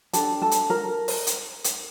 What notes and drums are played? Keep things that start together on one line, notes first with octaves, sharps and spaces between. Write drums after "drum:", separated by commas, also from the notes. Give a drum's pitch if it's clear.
D4 G4 A4 A5, drum: hi-hat
A4 A5
drum: hi-hat
A#4 A#5
drum: open hi-hat
drum: hi-hat
drum: hi-hat